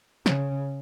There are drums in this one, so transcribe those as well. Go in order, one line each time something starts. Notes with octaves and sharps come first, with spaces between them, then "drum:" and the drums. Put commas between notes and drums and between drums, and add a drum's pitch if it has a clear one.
C#3, drum: snare